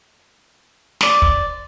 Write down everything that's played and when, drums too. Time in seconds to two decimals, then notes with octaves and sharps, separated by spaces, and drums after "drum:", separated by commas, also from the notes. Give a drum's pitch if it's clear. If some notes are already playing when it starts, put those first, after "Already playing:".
1.01 C5 D5, drum: snare
1.22 drum: kick